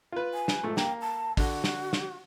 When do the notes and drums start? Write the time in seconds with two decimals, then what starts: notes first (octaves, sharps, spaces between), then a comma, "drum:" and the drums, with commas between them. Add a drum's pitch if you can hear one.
0.12 F4 B4
0.34 G#5
0.48 drum: snare
0.63 G#2 F3 A3
0.77 A#3 G5, drum: snare
1.01 A5
1.37 D3 F#4, drum: kick, open hi-hat
1.64 drum: snare
1.93 drum: snare